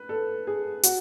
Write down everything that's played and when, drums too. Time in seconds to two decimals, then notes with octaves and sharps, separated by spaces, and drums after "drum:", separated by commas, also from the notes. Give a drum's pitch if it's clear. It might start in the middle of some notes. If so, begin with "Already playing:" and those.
Already playing: B4
0.09 A4
0.47 G#4
0.83 F#4, drum: hi-hat